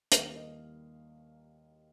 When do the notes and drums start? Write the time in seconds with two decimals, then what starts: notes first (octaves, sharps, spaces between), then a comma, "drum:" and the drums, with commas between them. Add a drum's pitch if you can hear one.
0.12 D#2 D#3 G3 A#3 F5, drum: hi-hat
0.36 D#5